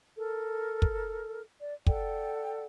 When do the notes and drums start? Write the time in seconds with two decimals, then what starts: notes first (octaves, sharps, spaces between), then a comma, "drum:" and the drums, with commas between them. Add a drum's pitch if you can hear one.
0.17 A4 A#4
0.82 drum: kick
1.59 D5
1.87 A4 D5 F#5 G5, drum: kick